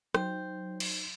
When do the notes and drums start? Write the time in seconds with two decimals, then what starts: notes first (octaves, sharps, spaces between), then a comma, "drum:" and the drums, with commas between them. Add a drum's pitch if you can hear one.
0.14 F#3 D#4 C5 G5, drum: rim click
0.80 drum: cymbal